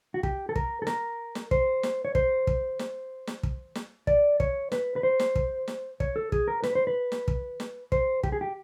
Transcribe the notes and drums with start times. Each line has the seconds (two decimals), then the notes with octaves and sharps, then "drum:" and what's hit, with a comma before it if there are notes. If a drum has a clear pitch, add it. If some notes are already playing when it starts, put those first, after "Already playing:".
0.14 F#4
0.23 G4, drum: kick
0.49 A4
0.56 A#4, drum: kick
0.82 A4
0.87 A#4, drum: snare
1.35 drum: snare
1.51 C5, drum: kick
1.83 drum: snare
2.05 C#5
2.15 C5, drum: kick
2.47 drum: kick
2.79 drum: snare
3.27 drum: snare
3.43 drum: kick
3.75 drum: snare
4.07 D5, drum: kick
4.40 C#5, drum: kick
4.72 B4, drum: snare
4.96 B4
5.03 C5
5.20 drum: snare
5.36 drum: kick
5.68 drum: snare
6.00 C#5, drum: kick
6.16 A4
6.32 G#4, drum: kick
6.48 A#4
6.63 B4, drum: snare
6.75 C5
6.87 B4
7.12 drum: snare
7.28 drum: kick
7.60 drum: snare
7.92 C5, drum: kick
8.23 G4, drum: kick
8.32 G#4
8.41 G4